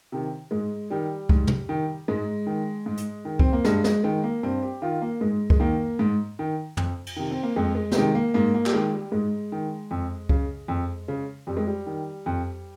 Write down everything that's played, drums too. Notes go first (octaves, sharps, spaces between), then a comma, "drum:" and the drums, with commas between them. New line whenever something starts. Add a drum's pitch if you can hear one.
C3 D#3
G#2 G#3
D#3 G3
G#2, drum: kick C#2
drum: tom
D#3
G#2 G#3
D#3
G#2
drum: hi-hat
D#3
C4, drum: kick C#2
A#3
G2 G#3, drum: snare
G#3, drum: snare
D#3 G#3
A#3
G2 C4
G4
D#3 F4
A#3
G#2 G#3
G#3, drum: kick C#2
D#3 A#3
G#2
D#3
F2, drum: tom
drum: cymbal
C3 D#3
C4
A#3
F2 G#3
G#3
G3, drum: snare
C3 D#3 G#3
A#3
G#2 A#3
A#3
G3, drum: clap
D#3 G#3
G3
G#2 G#3
D#3
F2
C#3, drum: kick C#2
F2
C#3
F2 G3
G#3
G3
D#3
F2